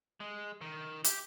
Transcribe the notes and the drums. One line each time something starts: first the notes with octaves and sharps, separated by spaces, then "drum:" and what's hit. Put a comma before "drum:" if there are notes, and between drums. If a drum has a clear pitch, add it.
G#3
D#3
G4, drum: hi-hat